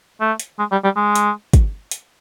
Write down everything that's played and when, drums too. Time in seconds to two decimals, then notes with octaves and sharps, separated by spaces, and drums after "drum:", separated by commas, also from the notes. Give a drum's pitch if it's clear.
0.20 A3
0.40 drum: hi-hat
0.59 G#3
0.72 G3
0.84 G3
0.96 G#3
1.16 drum: hi-hat
1.53 drum: kick, hi-hat
1.91 drum: hi-hat